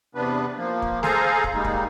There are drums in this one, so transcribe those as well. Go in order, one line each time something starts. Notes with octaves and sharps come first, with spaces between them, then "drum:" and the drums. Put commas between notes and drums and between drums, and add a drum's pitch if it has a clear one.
E2 C3 B3 D4 B4
F3 A#3
drum: kick
G#4 A4 C5 F5 G#5 A#5, drum: snare A3
drum: kick
G3 G#3 A#3 D#4
drum: kick